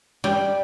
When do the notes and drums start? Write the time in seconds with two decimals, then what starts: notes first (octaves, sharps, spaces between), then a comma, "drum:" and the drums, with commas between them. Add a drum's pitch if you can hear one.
0.24 G3, drum: tom G3